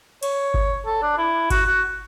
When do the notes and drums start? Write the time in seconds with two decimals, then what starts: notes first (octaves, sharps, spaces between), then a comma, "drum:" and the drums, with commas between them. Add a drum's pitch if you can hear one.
0.23 C#5, drum: cymbal
0.54 drum: kick G1
0.86 A4
1.02 D4
1.18 E4
1.50 F#4, drum: kick G1, cymbal
1.66 F#4